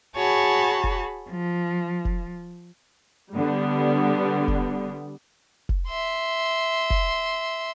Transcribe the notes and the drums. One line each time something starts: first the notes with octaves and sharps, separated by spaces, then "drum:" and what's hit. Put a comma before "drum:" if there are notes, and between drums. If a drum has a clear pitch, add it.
F#4 G#4 C#5 A5 B5
drum: kick
F3
drum: kick
D3 G3 B3
drum: kick
drum: kick
E5 C6
drum: kick